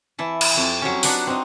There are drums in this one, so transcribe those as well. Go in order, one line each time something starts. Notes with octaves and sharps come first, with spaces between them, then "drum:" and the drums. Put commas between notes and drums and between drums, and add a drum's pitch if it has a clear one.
E3 E4 A5
drum: cymbal
F2 G5
F#3 C#4
D4 D#4 F#4 B4, drum: open hi-hat
C4 D#4